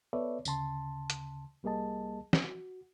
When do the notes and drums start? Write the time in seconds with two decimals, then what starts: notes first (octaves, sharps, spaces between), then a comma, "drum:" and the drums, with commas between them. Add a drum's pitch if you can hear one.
0.13 B3 A4 B4 C#5 D5 E5
0.45 D2 C#3 A5 C6, drum: tambourine
1.10 drum: hi-hat
1.63 C2 G3 A#3 G#4 D#5 A5
2.33 drum: snare
2.44 F#4